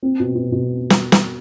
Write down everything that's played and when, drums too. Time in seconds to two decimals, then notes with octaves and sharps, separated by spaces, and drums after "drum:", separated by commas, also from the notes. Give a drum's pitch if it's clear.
0.03 C4
0.20 B2
0.35 B2
0.52 B2
0.90 drum: snare
1.12 drum: snare